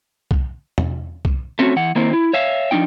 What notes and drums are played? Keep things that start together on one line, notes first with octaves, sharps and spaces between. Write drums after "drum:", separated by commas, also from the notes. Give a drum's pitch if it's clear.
drum: kick
drum: tom
drum: kick
A3 C4 C#4 D#4 F#4
E3 F#5
D#3 A#3 C4 E4 C5
E4
C#5 E5 F5
F3 A#3 D4 D#4 G5